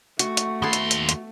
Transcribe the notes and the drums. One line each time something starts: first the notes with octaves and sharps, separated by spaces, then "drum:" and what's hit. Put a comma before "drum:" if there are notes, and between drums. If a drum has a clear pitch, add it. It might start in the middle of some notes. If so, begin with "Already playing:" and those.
A3 F#4, drum: hi-hat
drum: hi-hat
D#2 B3 E4 A4 C6
drum: hi-hat
drum: hi-hat
drum: hi-hat